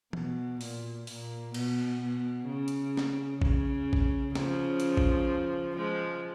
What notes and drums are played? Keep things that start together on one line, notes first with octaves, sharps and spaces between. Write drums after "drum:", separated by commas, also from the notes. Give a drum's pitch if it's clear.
B2, drum: tom E3
A#2, drum: open hi-hat
A#2, drum: open hi-hat
B2, drum: cymbal
B2
C#3
drum: hi-hat
drum: snare
C#3, drum: kick
drum: kick
C#3 F3, drum: snare
drum: hi-hat
drum: kick
F3 G#3